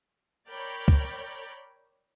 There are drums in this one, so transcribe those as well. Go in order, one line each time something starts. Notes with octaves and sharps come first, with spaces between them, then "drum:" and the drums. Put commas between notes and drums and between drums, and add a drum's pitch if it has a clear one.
A#4 C#5 D5 G5 B5
drum: kick